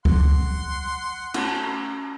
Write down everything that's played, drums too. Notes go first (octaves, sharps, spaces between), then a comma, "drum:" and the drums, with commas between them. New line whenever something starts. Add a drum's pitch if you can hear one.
F#5 C6, drum: kick C#2
A3 C#4 F#4, drum: cymbal